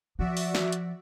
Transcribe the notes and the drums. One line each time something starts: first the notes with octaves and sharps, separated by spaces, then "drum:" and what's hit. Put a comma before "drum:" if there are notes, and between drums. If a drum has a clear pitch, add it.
F3 F#4 D5 E5
drum: open hi-hat
drum: snare
drum: hi-hat